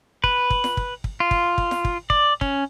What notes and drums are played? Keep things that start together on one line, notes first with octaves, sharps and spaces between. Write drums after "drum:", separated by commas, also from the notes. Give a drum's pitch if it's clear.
B4, drum: kick
drum: kick
drum: snare
drum: kick
drum: kick
F4
drum: kick
drum: kick
drum: snare
drum: kick
D5, drum: kick
C#4, drum: kick